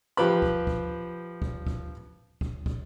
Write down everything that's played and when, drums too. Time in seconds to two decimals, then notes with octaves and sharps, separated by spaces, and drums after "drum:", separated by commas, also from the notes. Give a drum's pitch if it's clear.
0.17 F3 G4 B4 B5
0.42 drum: kick
0.67 drum: kick
1.42 drum: kick
1.67 drum: kick
2.41 drum: kick
2.66 drum: kick